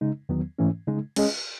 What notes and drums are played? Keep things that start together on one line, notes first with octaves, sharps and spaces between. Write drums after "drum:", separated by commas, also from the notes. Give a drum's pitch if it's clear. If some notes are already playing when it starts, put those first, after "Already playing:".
C#3 G#3 D#4
E2 D#3 F#3 B3
G#2 E3 A3 C#4
C#3 G#3 D#4
G#3 C#4 G#4 D#5, drum: cymbal